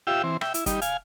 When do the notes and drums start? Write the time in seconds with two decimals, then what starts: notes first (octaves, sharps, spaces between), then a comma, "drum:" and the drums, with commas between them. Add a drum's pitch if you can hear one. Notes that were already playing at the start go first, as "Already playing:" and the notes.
0.07 F4 G4 E5 G5 E6
0.23 E3 C4
0.41 E5 G5, drum: rim click
0.54 E4, drum: hi-hat
0.66 G3 D#4, drum: kick, hi-hat
0.82 F5 G#5, drum: hi-hat